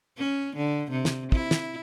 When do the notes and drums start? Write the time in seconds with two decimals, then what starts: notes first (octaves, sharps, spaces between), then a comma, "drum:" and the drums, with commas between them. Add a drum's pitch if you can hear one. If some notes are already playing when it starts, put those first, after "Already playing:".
0.18 C#4
0.56 D3
0.91 C3
1.05 drum: snare
1.32 E4, drum: kick
1.51 drum: snare